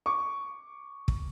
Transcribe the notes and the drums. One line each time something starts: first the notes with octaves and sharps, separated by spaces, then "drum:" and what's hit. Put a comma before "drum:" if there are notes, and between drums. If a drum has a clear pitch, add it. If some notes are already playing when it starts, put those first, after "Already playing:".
C#6 D6
drum: kick